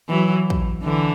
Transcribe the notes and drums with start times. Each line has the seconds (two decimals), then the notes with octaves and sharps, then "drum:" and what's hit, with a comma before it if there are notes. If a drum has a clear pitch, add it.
0.09 E3 F#3
0.50 drum: kick
0.83 D3 E3